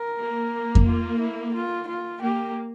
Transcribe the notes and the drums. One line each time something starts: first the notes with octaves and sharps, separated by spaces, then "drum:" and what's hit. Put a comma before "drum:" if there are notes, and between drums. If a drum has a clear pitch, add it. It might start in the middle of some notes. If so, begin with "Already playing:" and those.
Already playing: A#4
A#3
drum: kick F2
F4
E4
F4
F4
A#3 G4